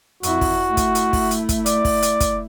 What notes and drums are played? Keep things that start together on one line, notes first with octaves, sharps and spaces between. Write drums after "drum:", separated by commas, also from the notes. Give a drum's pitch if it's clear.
F2 E4 F#4, drum: hi-hat
drum: kick, open hi-hat
A3 E4
drum: kick, hi-hat
drum: hi-hat
drum: kick, open hi-hat
drum: hi-hat
drum: kick, hi-hat
D5, drum: hi-hat
drum: kick, open hi-hat
drum: hi-hat
drum: kick, hi-hat